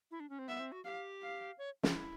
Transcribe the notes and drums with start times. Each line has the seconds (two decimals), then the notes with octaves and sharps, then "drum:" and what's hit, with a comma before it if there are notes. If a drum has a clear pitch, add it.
0.11 E4
0.20 D4
0.30 C#4
0.39 C4
0.48 B3 E5
0.60 C4
0.72 F#4
0.84 G4 F5
1.22 F5
1.58 C#5
1.83 F4, drum: snare
1.95 E4